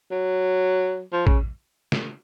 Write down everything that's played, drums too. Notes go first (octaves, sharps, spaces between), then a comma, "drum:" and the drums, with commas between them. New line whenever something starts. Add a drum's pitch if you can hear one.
F#3
F3
C#3, drum: kick A1
drum: snare